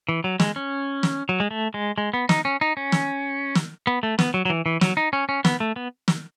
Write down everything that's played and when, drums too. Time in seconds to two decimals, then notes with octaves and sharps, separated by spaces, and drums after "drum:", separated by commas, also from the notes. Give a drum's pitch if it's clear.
0.09 E3
0.24 F#3
0.40 G#3, drum: snare
0.56 C#4
1.03 drum: snare
1.29 F#3
1.40 G#3
1.51 A3
1.74 G#3
1.98 G#3
2.14 B3
2.29 D#4, drum: snare
2.45 C#4
2.61 D#4
2.77 C#4
2.92 drum: snare
3.55 drum: snare
3.87 B3
4.03 A3
4.19 B3, drum: snare
4.34 F#3
4.45 F#3
4.50 E3
4.66 E3
4.81 F#3, drum: snare
4.97 D#4
5.13 C#4
5.29 C#4
5.45 B3, drum: snare
5.60 A3
5.76 B3
6.08 drum: snare